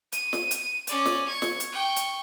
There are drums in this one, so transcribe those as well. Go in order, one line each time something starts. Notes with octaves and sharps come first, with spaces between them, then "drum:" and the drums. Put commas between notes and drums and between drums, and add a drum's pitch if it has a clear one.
D#7, drum: hi-hat
drum: snare
drum: hi-hat
C#4 D5, drum: hi-hat
drum: snare
C#6 G#6
drum: snare
drum: hi-hat
G5 C#6
drum: hi-hat